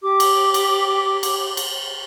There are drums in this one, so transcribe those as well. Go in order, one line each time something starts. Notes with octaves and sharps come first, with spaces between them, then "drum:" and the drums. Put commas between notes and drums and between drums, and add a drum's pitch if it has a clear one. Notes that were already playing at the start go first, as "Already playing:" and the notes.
G4 G5 D6
drum: cymbal
drum: cymbal
drum: cymbal
drum: cymbal